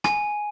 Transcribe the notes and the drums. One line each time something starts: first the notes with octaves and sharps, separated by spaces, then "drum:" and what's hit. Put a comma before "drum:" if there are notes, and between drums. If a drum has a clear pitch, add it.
G#5, drum: rim click